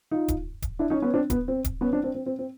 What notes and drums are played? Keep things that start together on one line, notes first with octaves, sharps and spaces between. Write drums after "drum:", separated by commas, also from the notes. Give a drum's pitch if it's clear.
D#4 F4
drum: kick D1, hi-hat
drum: kick D1, hi-hat
D4 E4
C#4 D#4
B3 C#4
C4 D4
B3, drum: kick D1, hi-hat
C4
drum: kick D1, hi-hat
B3 C#4
C4 D4
C4 D4
C4
C4
C4